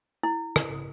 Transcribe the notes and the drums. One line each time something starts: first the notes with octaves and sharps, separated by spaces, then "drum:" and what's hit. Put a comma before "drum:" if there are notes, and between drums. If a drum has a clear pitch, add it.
E4
drum: rim click